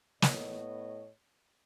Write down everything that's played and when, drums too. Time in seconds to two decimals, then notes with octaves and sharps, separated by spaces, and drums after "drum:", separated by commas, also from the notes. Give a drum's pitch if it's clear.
0.22 A2 B3 C#5 D#5, drum: snare